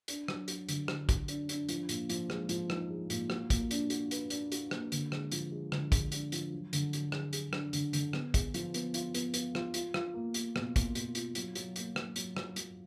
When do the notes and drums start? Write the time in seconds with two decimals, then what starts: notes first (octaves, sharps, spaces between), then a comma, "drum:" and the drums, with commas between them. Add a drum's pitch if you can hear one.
0.08 D4, drum: hi-hat
0.28 F#3, drum: rim click
0.48 F#4, drum: hi-hat
0.69 D3, drum: hi-hat
0.88 F#4, drum: rim click
1.09 F#4, drum: kick, hi-hat
1.28 D4, drum: hi-hat
1.49 D4, drum: hi-hat
1.69 F3, drum: hi-hat
1.89 A#2, drum: hi-hat
2.09 F3, drum: hi-hat
2.30 G#3, drum: rim click
2.49 F3, drum: hi-hat
2.70 D#4, drum: rim click
2.90 G#3
3.10 A#2, drum: hi-hat
3.30 F#4, drum: rim click
3.50 A#3, drum: kick, hi-hat
3.71 D4, drum: hi-hat
3.90 F#4, drum: hi-hat
4.11 B4, drum: hi-hat
4.30 D4, drum: hi-hat
4.52 F#4, drum: hi-hat
4.71 A#3, drum: rim click
4.92 D3, drum: hi-hat
5.12 G#3, drum: rim click
5.32 F3, drum: hi-hat
5.51 G#3
5.72 D3, drum: rim click
5.92 G#3, drum: kick, hi-hat
6.12 D4, drum: hi-hat
6.32 F3, drum: hi-hat
6.52 F#3
6.73 D3, drum: hi-hat
6.93 F#3, drum: hi-hat
7.12 G#4, drum: rim click
7.33 G#4, drum: hi-hat
7.53 D4, drum: rim click
7.73 D3, drum: hi-hat
7.93 D3, drum: hi-hat
8.13 B3, drum: rim click
8.34 G#4, drum: kick, hi-hat
8.54 F3, drum: hi-hat
8.74 B3, drum: hi-hat
8.94 F4, drum: hi-hat
9.15 B3, drum: hi-hat
9.34 B3, drum: hi-hat
9.55 F4, drum: rim click
9.74 F4, drum: hi-hat
9.94 F4, drum: rim click
10.14 A#3
10.34 A#3, drum: hi-hat
10.56 B2, drum: rim click
10.76 A#3, drum: kick, hi-hat
10.95 B2, drum: hi-hat
11.15 F4, drum: hi-hat
11.35 F#3, drum: hi-hat
11.55 F#3, drum: hi-hat
11.76 A#3, drum: hi-hat
11.96 F#3, drum: rim click
12.16 F#3, drum: hi-hat
12.37 F#3, drum: rim click
12.56 F#3, drum: hi-hat